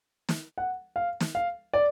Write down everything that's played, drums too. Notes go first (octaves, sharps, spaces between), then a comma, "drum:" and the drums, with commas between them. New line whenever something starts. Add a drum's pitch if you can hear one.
drum: snare
F#5
F5
drum: snare
F5
D5